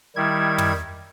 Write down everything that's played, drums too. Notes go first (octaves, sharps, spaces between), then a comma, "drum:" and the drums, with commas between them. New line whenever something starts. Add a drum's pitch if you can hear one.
D#3 G3 E4 G#6
drum: tom